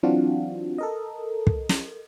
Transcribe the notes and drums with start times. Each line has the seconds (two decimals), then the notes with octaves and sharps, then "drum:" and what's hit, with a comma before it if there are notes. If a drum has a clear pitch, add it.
0.03 E3 F#3 C4 D4 F4 F#4
0.78 A4 A#4 D#5
1.47 drum: kick
1.69 drum: snare